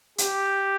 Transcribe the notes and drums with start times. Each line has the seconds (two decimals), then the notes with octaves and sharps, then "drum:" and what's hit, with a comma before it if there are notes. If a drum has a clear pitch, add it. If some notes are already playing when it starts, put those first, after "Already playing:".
0.18 G4, drum: hi-hat